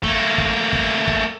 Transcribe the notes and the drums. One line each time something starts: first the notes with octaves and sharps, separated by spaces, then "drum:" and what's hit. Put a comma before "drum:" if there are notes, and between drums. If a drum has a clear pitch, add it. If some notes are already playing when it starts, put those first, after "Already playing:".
A3 A#3, drum: kick
drum: kick
drum: kick
drum: kick